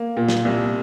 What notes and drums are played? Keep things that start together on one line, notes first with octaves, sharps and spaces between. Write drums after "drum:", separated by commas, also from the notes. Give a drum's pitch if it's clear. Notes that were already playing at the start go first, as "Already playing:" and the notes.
Already playing: A#3
A#2
drum: snare
C2